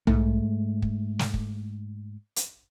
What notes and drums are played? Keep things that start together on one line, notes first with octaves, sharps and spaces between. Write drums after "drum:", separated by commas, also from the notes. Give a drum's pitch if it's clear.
G#2 A3, drum: tom B1
drum: kick
drum: snare
drum: kick
drum: hi-hat